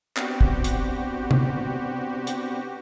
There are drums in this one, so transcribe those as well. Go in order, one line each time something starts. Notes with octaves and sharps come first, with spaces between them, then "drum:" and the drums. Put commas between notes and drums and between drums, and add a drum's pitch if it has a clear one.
B3 C4 D4 F#4 G4, drum: clap
drum: kick
drum: hi-hat
drum: tom C3
drum: hi-hat